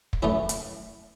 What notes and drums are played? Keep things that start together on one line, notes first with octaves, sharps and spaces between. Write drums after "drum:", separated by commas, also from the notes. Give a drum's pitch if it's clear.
drum: kick
F#2 E3 A3 E4
drum: hi-hat